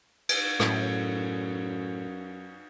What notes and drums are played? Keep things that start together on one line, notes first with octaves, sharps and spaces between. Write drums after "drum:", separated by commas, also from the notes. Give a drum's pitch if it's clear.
drum: cymbal
F#2 A2, drum: rim click